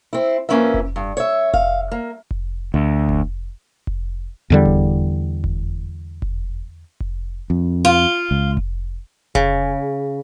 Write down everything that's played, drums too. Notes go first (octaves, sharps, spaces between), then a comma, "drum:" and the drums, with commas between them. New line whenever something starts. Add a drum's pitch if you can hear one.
C4 E4
F2 A#3 C#4 E4 B4 E5
drum: kick F1
G2
C#5 E5
F5, drum: kick F1
A#3
drum: kick F1
D2
drum: kick F1
drum: kick F1
E2 D3 G3
drum: kick F1
drum: kick F1
drum: kick F1
drum: kick F1
F2
F4
C#2
drum: kick F1
C#3, drum: kick F1